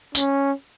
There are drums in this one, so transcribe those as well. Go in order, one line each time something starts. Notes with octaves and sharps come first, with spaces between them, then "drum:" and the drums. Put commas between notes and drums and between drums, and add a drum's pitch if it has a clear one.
C#4, drum: tambourine